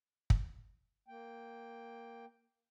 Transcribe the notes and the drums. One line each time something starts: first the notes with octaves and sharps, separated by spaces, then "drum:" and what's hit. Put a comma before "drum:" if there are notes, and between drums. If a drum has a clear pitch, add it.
drum: kick
A#3 G5